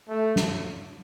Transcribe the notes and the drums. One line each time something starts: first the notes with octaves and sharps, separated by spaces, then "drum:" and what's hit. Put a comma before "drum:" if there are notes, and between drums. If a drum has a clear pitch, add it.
A3
drum: snare